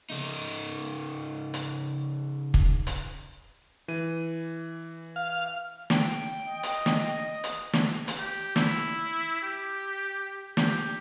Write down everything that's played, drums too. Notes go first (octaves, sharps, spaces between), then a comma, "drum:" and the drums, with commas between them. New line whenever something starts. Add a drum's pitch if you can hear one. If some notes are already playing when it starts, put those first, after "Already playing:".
C#3 D#4
drum: hi-hat
drum: kick
drum: hi-hat
E3 D#7
F5
G5, drum: snare
D#5
drum: hi-hat
drum: snare
drum: hi-hat
drum: snare
drum: hi-hat
G4
E4, drum: snare
G4
G4, drum: snare